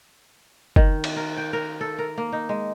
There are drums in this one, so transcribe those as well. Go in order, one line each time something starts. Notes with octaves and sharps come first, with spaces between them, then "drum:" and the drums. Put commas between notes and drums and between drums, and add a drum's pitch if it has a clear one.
D#3, drum: kick
drum: cymbal
A#4
G5
A#4
A4
A#4
A#3
D#4
G#3